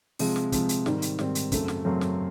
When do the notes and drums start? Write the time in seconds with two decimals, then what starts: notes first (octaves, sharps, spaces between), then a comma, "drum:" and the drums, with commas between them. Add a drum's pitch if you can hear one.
0.19 C3 F3 G#3, drum: open hi-hat
0.36 drum: snare
0.52 C3 F3 G#3, drum: kick, hi-hat
0.69 drum: hi-hat
0.86 G#2 D#3 G3 C4, drum: snare
1.02 drum: hi-hat
1.19 G#2 D#3 G3 C4, drum: snare
1.35 drum: hi-hat
1.52 F#2 C#3 F#3 A3 C4, drum: kick, hi-hat
1.68 drum: snare
1.85 F#2 C#3 F#3 A3 C4
2.01 drum: snare